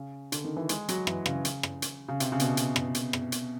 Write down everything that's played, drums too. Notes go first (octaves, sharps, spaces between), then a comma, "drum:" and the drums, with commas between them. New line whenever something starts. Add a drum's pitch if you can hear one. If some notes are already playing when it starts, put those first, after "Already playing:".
Already playing: C#3
D3, drum: hi-hat
D#3
E3
G#3, drum: hi-hat
F#3, drum: hi-hat
E3, drum: rim click
C#3, drum: rim click
drum: hi-hat
drum: rim click
drum: hi-hat
C#3
C3, drum: hi-hat
C#3
B2, drum: hi-hat
drum: hi-hat
drum: rim click
drum: hi-hat
drum: rim click
drum: hi-hat